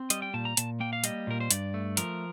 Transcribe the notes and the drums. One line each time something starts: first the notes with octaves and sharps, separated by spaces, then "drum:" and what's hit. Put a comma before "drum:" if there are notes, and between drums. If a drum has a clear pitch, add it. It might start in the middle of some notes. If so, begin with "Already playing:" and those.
Already playing: C4
G3 D#5, drum: hi-hat
G5
A#2 A5
A#5
A#2 A5, drum: hi-hat
A#3 G5
F5
G3 D#5, drum: hi-hat
A#2 A#4
C5
G2 D5, drum: hi-hat
A3
F3 A#4, drum: hi-hat